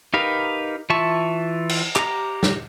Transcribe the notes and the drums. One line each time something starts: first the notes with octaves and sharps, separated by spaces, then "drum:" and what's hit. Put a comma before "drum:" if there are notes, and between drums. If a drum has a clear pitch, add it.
D#4 G4 A#4 B4 F5
E3 F4 E5 A5 C#6
drum: cymbal
G4 A#5, drum: clap
drum: snare